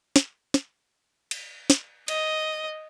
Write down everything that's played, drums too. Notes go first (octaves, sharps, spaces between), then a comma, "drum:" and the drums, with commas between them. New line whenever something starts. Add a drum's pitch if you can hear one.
drum: snare
drum: snare
drum: cymbal
drum: snare
D#5, drum: cymbal